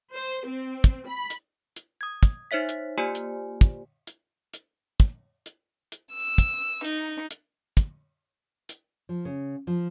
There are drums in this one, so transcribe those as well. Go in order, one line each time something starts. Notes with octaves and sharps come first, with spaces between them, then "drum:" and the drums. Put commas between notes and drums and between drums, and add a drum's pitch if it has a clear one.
C5
C4
drum: kick, hi-hat
B5
drum: hi-hat
drum: hi-hat
D#6 G#6
drum: kick, hi-hat
D#4 C5 C#5 E5 B6
drum: hi-hat
A#3 F4 G4 C5 D5 G#5
drum: hi-hat
drum: kick, hi-hat
drum: hi-hat
drum: hi-hat
drum: kick, hi-hat
drum: hi-hat
drum: hi-hat
E6
drum: kick, hi-hat
D#4, drum: hi-hat
drum: hi-hat
drum: kick, hi-hat
drum: hi-hat
F3
C#3
F3